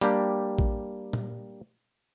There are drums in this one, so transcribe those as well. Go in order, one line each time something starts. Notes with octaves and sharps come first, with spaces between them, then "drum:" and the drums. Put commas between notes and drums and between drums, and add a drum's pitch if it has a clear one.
G3 A#3 D4 G4, drum: hi-hat
drum: kick
drum: tom A#2